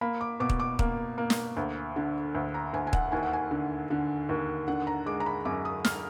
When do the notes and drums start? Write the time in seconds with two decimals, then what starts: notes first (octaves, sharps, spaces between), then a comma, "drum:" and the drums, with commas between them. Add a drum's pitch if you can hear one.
0.01 A#3 B5
0.21 D6
0.40 B2 D6
0.50 drum: kick
0.60 D6
0.79 A#3, drum: kick
1.18 A#3
1.30 drum: snare
1.57 D2
1.96 D3
2.35 D2
2.54 A#5
2.73 D2 G#5
2.87 G#5
2.93 F#5, drum: kick
3.12 D#2 G#5
3.23 F#5
3.33 G#5
3.51 D3
3.90 D3
4.29 D#2
4.68 D3 F#5
4.87 A#5
5.06 G#3 D6
5.20 A#5
5.26 B5
5.45 F#2 D6
5.65 D#6
5.85 F6, drum: snare